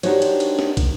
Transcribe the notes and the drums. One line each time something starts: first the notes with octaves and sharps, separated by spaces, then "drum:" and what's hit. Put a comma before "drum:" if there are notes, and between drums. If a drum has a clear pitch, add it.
D4 D#4 F#4 G4 C5 C#5, drum: cymbal
drum: cymbal
drum: cymbal
drum: snare
drum: kick, cymbal